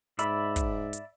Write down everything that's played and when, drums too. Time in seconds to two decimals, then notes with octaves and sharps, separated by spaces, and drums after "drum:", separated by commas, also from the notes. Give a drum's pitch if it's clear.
0.19 G#2 D5 E5 B5, drum: hi-hat
0.56 drum: kick, hi-hat
0.93 drum: hi-hat